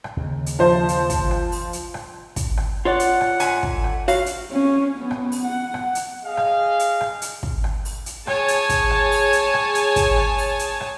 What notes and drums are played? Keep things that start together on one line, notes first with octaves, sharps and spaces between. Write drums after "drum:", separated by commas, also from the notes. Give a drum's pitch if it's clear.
drum: rim click
D#2 C#3
drum: hi-hat
F3 C5 A5
drum: hi-hat
drum: kick, hi-hat
drum: rim click
drum: open hi-hat
drum: hi-hat
drum: rim click
drum: kick, hi-hat
drum: rim click
F4 C#5 D5 F#5
drum: hi-hat
drum: rim click
G#2 A3 G#5, drum: hi-hat
drum: kick
drum: rim click
F#4 C#5 F5, drum: open hi-hat
drum: hi-hat
C#4
B3
drum: rim click
drum: open hi-hat
F#5
drum: rim click
drum: hi-hat
G#4 D#5 F5
drum: rim click
drum: hi-hat
drum: rim click
drum: hi-hat
drum: kick
drum: rim click
drum: open hi-hat
drum: hi-hat
G#4 C#5 G#5 A5, drum: rim click
drum: hi-hat
drum: kick, hi-hat
drum: rim click
drum: open hi-hat
drum: hi-hat
drum: rim click
drum: hi-hat
drum: kick, hi-hat
drum: rim click
drum: open hi-hat
drum: hi-hat
drum: rim click